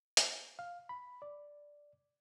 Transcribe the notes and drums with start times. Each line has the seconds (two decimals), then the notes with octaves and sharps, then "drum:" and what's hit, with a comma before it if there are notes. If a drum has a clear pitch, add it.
0.17 drum: hi-hat
0.59 F5
0.89 B5
1.22 D5